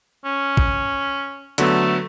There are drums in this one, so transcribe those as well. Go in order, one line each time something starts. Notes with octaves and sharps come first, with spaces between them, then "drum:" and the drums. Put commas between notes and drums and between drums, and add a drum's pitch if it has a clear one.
C#4
drum: kick
D3 F#3 A3 B3, drum: hi-hat